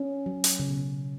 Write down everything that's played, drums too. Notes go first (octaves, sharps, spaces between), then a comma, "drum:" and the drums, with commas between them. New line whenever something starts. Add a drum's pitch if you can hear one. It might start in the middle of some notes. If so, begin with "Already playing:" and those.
Already playing: C#4
F#3
drum: hi-hat
C#3
B2
C#3